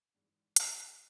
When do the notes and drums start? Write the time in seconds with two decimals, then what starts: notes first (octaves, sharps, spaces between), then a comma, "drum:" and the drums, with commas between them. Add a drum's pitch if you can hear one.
0.14 G#1 G#2 E3 G#3
0.56 B1 A2 F#3, drum: hi-hat